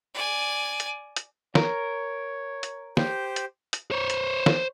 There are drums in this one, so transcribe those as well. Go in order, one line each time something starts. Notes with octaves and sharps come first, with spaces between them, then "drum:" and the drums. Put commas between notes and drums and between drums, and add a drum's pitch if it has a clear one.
D5 G#5
drum: hi-hat
drum: hi-hat
A#4 C#5, drum: snare
drum: hi-hat
G4 C5, drum: snare
drum: hi-hat
drum: hi-hat
C5 C#5
drum: hi-hat
drum: snare